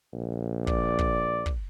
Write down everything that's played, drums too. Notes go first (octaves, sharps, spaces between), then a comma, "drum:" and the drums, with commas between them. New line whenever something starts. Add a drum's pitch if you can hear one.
A#1
D5, drum: kick
drum: kick
drum: kick